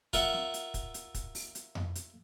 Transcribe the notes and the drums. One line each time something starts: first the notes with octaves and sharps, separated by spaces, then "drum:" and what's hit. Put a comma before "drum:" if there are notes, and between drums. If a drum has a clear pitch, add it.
F4 A#4 E5 F#5, drum: kick, hi-hat
drum: snare
drum: hi-hat
drum: kick, hi-hat
drum: hi-hat
drum: kick, hi-hat
drum: open hi-hat
drum: hi-hat
drum: tom F2
drum: hi-hat